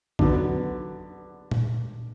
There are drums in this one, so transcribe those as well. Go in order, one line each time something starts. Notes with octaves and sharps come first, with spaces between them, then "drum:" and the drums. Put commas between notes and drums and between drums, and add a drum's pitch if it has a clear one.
D3 F#3 B3, drum: kick
drum: tom A#2